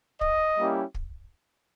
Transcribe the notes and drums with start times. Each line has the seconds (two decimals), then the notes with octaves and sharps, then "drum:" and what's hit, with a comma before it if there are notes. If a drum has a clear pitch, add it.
0.21 D#5, drum: kick
0.57 G3 A#3 C#4 E4 G4
0.95 drum: kick